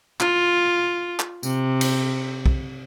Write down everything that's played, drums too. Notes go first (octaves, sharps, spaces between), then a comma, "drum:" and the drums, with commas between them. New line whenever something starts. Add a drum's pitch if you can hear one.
F4, drum: clap
drum: clap
C3, drum: tambourine
drum: cymbal
drum: kick